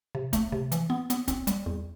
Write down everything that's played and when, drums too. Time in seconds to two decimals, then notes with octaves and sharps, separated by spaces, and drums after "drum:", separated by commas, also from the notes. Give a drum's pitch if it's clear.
0.15 C3
0.33 A3, drum: kick, hi-hat
0.52 C3
0.72 E3, drum: hi-hat
0.90 B3
1.10 B3, drum: hi-hat
1.28 C4, drum: kick, hi-hat
1.47 G3, drum: hi-hat
1.66 E2